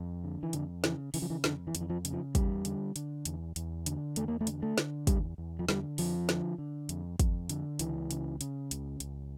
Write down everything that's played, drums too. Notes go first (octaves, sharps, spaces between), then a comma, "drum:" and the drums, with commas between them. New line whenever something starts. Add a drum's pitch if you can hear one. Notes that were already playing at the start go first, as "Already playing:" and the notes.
Already playing: F2
D3
E3
F2 D3, drum: hi-hat
C#3 E3, drum: snare
C#3 E3, drum: open hi-hat
F3
E3
F2 D3, drum: snare
E3
F2, drum: hi-hat
E3
F3
C#3, drum: hi-hat
F3
E2 G3, drum: kick, hi-hat
D3, drum: hi-hat
D3, drum: hi-hat
E2, drum: hi-hat
E2, drum: hi-hat
D3, drum: hi-hat
E2 A3, drum: hi-hat
A#3
A3
D3, drum: hi-hat
A3
D3, drum: snare
E2 G3, drum: kick, hi-hat
E2
F3
D3 G3, drum: snare
F2 F3, drum: open hi-hat
D3, drum: snare
D3
F2, drum: hi-hat
F2, drum: kick, hi-hat
D3, drum: hi-hat
C#2 E3, drum: hi-hat
C#3, drum: hi-hat
C#3, drum: hi-hat
C#2, drum: hi-hat
C#2, drum: hi-hat